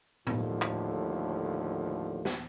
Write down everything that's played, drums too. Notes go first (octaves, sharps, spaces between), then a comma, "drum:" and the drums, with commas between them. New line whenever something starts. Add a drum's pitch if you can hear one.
D#2 A2 D3 F3, drum: tom A2
drum: clap
drum: snare